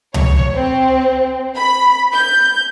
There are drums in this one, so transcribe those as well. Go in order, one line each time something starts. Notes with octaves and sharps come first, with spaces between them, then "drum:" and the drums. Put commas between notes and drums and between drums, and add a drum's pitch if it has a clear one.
C#5, drum: tom C#2
C4
B5
G6